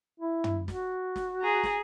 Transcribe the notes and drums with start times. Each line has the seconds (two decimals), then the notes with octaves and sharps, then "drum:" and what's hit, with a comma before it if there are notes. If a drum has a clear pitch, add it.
0.20 E4
0.44 drum: tom
0.68 F#4, drum: snare
1.16 drum: snare
1.42 G#4 A#5
1.63 drum: snare